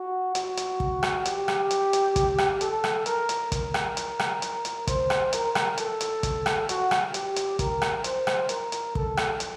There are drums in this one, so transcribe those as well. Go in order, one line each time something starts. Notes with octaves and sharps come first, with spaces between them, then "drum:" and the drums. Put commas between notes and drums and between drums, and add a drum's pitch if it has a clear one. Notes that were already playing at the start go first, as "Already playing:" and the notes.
Already playing: F#4
F#4, drum: hi-hat
drum: hi-hat
drum: kick
drum: rim click
G4, drum: hi-hat
drum: rim click
drum: hi-hat
drum: hi-hat
drum: kick, hi-hat
drum: rim click
A4, drum: hi-hat
drum: rim click
A#4, drum: hi-hat
drum: hi-hat
A#4, drum: kick, hi-hat
drum: rim click
drum: hi-hat
drum: rim click
drum: hi-hat
drum: hi-hat
C5, drum: kick, hi-hat
drum: rim click
A#4, drum: hi-hat
drum: rim click
A4, drum: hi-hat
drum: hi-hat
drum: kick, hi-hat
drum: rim click
F#4, drum: hi-hat
drum: rim click
G4, drum: hi-hat
drum: hi-hat
A#4, drum: kick, hi-hat
drum: rim click
C5, drum: hi-hat
drum: rim click
A#4, drum: hi-hat
drum: hi-hat
A4, drum: kick
drum: rim click
drum: hi-hat